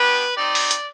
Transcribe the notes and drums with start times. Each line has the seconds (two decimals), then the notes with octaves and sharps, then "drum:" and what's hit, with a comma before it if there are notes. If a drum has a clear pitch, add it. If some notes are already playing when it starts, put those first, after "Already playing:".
Already playing: B3 D4 G4 B4
0.36 C4 D#4 G4 D5
0.55 drum: open hi-hat
0.71 drum: hi-hat